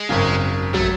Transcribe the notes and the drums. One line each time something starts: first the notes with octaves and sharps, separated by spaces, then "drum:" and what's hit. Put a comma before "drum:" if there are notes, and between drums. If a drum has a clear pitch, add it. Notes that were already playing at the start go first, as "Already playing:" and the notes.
Already playing: G#3
G#1 F#2 C#3
F#3 A3, drum: kick